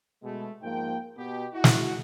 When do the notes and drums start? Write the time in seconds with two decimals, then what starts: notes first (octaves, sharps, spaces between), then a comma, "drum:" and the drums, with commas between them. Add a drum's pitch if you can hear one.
0.22 B2 G#3 A3
0.63 G#2 F3 A#3 G5
1.17 B2 B3 G4
1.52 E4 F#4
1.64 drum: snare